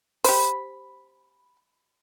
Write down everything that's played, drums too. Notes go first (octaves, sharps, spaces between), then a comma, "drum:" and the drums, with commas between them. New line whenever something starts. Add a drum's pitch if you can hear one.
G4 C5 B5, drum: open hi-hat